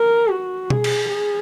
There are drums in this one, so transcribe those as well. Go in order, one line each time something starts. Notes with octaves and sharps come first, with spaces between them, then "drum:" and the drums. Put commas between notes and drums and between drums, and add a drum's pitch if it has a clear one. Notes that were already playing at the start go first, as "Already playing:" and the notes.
Already playing: A#4
F#4
G#4, drum: tom B2
drum: cymbal
G#4